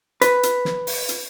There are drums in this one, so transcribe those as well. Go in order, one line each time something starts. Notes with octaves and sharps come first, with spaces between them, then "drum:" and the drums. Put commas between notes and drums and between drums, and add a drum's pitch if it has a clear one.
B4, drum: hi-hat
drum: hi-hat
drum: snare
drum: open hi-hat
drum: hi-hat